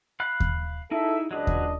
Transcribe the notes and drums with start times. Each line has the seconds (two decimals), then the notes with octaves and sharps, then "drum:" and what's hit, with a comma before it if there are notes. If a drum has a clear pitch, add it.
0.20 F5 B5 F#6
0.40 drum: kick D#2
0.91 D#4 E4 G#4 A4 E5
1.31 C#2 F#3 D4 G#4 B4 D#5
1.47 drum: kick D#2